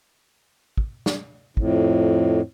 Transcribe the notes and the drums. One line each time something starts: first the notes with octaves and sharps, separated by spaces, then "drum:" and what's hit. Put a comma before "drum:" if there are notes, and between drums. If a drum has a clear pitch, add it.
drum: kick
drum: snare
F2 A2, drum: kick